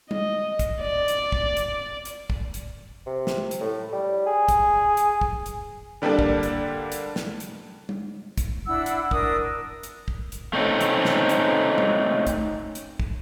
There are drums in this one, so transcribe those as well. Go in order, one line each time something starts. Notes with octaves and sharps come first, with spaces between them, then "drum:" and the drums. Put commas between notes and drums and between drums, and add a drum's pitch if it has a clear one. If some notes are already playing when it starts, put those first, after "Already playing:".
D#5, drum: tom G3
drum: kick, hi-hat
D5
drum: hi-hat
drum: kick
drum: hi-hat
drum: hi-hat
drum: kick
drum: hi-hat
C3
drum: snare
drum: hi-hat
A2
G3
G#4
drum: kick, hi-hat
drum: hi-hat
drum: kick
drum: hi-hat
D3 G3 A#3 D4 A4
drum: kick
drum: hi-hat
drum: hi-hat
drum: snare
drum: hi-hat
drum: tom G3
drum: kick, hi-hat
D4 E4 F#5 E6
drum: hi-hat
D4 A#4 D#6, drum: kick
drum: hi-hat
drum: kick
drum: hi-hat
A3 C4 C#4 D#4 A4
drum: hi-hat
drum: snare
drum: hi-hat
drum: tom G3
drum: kick, hi-hat
drum: hi-hat
drum: kick